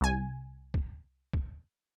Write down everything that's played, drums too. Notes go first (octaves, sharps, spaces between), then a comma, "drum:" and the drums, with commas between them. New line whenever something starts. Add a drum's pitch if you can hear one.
C2 G#5
drum: kick
drum: kick